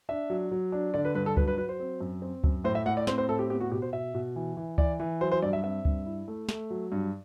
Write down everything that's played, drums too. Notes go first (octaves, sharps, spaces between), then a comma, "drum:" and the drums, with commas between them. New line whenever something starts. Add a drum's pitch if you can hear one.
D4 E5
F#3
F#3
D4
D3 D5
B4
G2 B4
A4
F#3 B4, drum: kick C#2
B4
F#3 B4
C5
C4
F#2
C4
F#2, drum: kick C#2
A2 C5
E5
A2 F#5
D5
C4 C5, drum: snare
C5
A2 A4
G4
B3 G4
F#4
B2 G4
C5
B2 E5
B2
E3
E3
E3 D5, drum: kick C#2
E3
F#3 C5
C5
G2 D5
E5
C4 E5
G2, drum: kick C#2
E4
A3
A3, drum: snare
F#3
G2